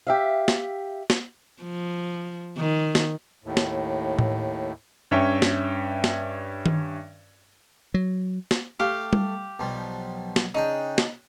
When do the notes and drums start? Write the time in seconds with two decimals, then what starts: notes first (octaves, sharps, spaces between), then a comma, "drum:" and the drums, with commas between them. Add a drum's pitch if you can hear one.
0.07 G4 E5 F5
0.48 drum: snare
1.10 drum: snare
1.63 F3
2.57 D#3
2.95 drum: snare
3.44 D#2 A2
3.57 drum: snare
4.19 drum: tom A2
5.11 G2 C#4 C#5 E5 G5
5.42 drum: snare
6.04 drum: snare
6.66 drum: tom D#3
7.94 F#3
8.51 drum: snare
8.80 A3 G4 F5
9.13 drum: tom G3
9.59 B1 F3 G3
10.36 drum: snare
10.54 C#3 D4 D#4 G5
10.98 drum: snare